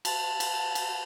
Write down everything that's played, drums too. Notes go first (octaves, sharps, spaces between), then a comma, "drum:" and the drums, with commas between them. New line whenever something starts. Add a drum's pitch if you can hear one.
A5, drum: cymbal
drum: cymbal
drum: cymbal